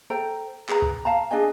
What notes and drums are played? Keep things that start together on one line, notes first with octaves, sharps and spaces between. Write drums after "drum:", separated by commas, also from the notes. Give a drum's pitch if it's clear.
A4 C5 G5 A#5
G#4 B4 A#5, drum: clap
drum: kick C2
F5 A5 A#5
D4 G#4 D#5 G#5